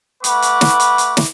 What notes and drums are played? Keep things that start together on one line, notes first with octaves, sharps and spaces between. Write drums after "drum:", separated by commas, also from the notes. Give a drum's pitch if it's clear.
A3 B4 F#5 B5 C#6 D6, drum: hi-hat
drum: hi-hat
drum: snare
drum: hi-hat
drum: hi-hat
drum: snare